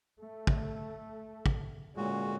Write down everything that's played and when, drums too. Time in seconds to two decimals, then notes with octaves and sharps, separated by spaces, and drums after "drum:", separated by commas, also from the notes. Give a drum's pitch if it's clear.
0.23 A3
0.47 drum: kick
1.46 drum: kick
1.97 A#2 D3 G#3 C#4 F#4